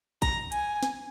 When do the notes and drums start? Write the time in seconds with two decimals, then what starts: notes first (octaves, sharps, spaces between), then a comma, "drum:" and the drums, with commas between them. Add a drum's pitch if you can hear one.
0.22 A#5, drum: kick, hi-hat
0.52 G#5, drum: hi-hat
0.83 drum: snare